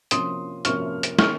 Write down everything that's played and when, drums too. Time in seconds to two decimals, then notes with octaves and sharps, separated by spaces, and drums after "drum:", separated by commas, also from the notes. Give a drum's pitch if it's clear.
0.11 C3 F3 A#3 C#4 C6 D#6, drum: hi-hat
0.65 C3 F3 A#3 C#4 C#6 F6, drum: hi-hat
1.03 drum: hi-hat
1.19 D#3 A#3 C#4 C#6 F6, drum: snare